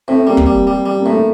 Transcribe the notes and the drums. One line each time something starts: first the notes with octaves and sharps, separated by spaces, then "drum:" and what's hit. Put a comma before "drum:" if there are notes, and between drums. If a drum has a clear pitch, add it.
A2 C4
G3 A#3
drum: kick
G3
G3
G3
A#3
A2
A3